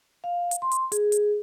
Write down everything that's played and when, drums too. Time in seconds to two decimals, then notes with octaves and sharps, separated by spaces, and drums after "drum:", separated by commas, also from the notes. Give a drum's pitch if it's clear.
0.24 F5
0.51 drum: hi-hat
0.62 C6
0.71 drum: hi-hat
0.92 G#4, drum: hi-hat
1.12 drum: hi-hat